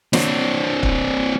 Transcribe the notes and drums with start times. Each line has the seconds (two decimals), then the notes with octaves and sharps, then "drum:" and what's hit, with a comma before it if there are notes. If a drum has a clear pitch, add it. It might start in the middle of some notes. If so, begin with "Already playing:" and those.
0.13 C4 D4, drum: snare
0.83 drum: kick